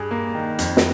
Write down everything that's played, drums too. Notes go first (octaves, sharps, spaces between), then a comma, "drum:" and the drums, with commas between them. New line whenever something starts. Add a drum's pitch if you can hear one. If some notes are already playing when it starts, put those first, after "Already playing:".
Already playing: G2 G#4
A#3
D#3
F2, drum: hi-hat
drum: snare